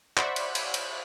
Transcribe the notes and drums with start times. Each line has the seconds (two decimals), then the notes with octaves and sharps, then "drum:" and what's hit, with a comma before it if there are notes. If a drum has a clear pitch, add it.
0.17 C5 D5 E5 F#5 B5 C#6, drum: clap
0.36 drum: cymbal
0.55 drum: cymbal
0.74 drum: cymbal